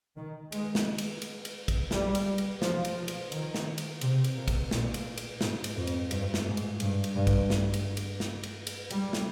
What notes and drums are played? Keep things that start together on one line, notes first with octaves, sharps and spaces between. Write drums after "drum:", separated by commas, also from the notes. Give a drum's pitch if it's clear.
D#3
G#3, drum: cymbal
drum: snare
drum: cymbal
drum: cymbal
drum: cymbal
drum: kick, cymbal
G3, drum: snare
drum: cymbal
drum: cymbal
F3, drum: snare
drum: cymbal
F3
drum: cymbal
D#3, drum: cymbal
drum: snare
drum: cymbal
C3, drum: cymbal
drum: cymbal
A#2
drum: kick, cymbal
A#2, drum: snare
drum: cymbal
drum: cymbal
G#2, drum: snare
drum: cymbal
F2
drum: cymbal
G2, drum: cymbal
drum: snare
G#2
drum: cymbal
G2, drum: cymbal
drum: cymbal
G2
drum: kick, cymbal
drum: snare
drum: cymbal
drum: cymbal
drum: snare
drum: cymbal
drum: cymbal
G3, drum: cymbal
drum: snare